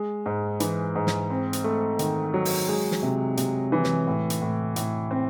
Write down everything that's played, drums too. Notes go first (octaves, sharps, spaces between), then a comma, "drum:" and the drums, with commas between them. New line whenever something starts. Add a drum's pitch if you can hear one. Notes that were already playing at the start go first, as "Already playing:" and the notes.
Already playing: G#3
G#2
E3, drum: hi-hat
G#2
drum: snare
C4
drum: hi-hat
A3
D#3, drum: hi-hat
F#3
drum: open hi-hat
G#3
drum: snare
C3
C3, drum: hi-hat
E3
drum: snare
A2
drum: hi-hat
A2
A2, drum: hi-hat
C4